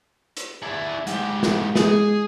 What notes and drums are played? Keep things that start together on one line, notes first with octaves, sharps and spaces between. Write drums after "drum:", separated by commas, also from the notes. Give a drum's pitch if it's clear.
drum: hi-hat
E4 D5
G#2 G4, drum: hi-hat
drum: snare
G#3 G#4, drum: snare